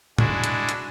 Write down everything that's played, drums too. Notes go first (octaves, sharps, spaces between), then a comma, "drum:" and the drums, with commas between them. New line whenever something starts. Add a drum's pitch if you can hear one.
G#3 D4 E4 F#4, drum: tom A2
drum: hi-hat
drum: hi-hat